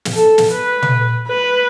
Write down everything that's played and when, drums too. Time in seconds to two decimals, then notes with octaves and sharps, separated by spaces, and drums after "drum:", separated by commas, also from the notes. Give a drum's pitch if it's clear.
0.05 drum: snare
0.14 A4
0.38 drum: snare
0.52 B4
0.82 drum: tom
1.28 B4